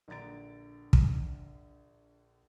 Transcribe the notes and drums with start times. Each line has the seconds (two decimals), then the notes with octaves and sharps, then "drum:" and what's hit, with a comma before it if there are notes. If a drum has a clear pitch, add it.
0.08 A#1 D3 A#5 A6 D7
0.93 drum: kick